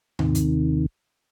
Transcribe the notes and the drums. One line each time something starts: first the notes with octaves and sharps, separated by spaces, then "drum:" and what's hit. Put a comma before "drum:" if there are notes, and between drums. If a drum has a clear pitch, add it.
D#2 C3 D#3, drum: tom G#2
drum: hi-hat